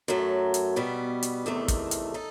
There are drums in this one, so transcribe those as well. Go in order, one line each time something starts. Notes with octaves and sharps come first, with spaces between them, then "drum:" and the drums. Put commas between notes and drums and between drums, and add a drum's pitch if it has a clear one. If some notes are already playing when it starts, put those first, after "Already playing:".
F#2 F#3 A3
drum: hi-hat
B2 G3 B3
drum: hi-hat
E2 C3 D#3 A3
drum: kick, hi-hat
drum: hi-hat
D#4 A4